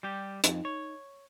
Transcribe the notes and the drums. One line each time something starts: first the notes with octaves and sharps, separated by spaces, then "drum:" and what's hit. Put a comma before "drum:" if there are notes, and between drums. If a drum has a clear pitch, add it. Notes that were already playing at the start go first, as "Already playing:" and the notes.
G3 G4
F2 D#4, drum: hi-hat
C#5